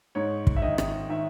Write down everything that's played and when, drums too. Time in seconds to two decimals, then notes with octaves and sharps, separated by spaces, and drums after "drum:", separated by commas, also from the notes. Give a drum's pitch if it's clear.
0.15 G#2 C#5
0.47 drum: kick
0.56 E5
0.62 D#3 D#5
0.78 drum: rim click
1.09 D#3 E5